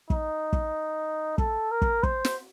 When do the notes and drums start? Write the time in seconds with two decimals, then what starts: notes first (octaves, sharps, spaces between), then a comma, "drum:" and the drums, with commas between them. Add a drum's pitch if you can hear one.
0.10 D#4, drum: kick
0.53 drum: kick
1.38 A4, drum: kick
1.71 A#4
1.82 drum: kick
2.03 C5, drum: kick
2.25 drum: snare